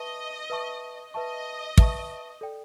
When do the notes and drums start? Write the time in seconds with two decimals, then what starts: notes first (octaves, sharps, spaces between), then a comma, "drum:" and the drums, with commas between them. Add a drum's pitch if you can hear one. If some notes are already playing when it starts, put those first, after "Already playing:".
Already playing: B4 D#5 E5 A5 C#6
0.50 B4 E5 A5 C#6
1.14 B4 D#5 E5 A5 C#6
1.77 B4 E5 A5 C#6, drum: kick
2.41 A4 D5 G5